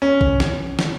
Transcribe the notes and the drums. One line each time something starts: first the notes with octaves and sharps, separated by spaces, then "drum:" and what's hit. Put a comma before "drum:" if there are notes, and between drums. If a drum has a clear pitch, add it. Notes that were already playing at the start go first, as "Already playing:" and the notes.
C#4
drum: kick
drum: snare
drum: snare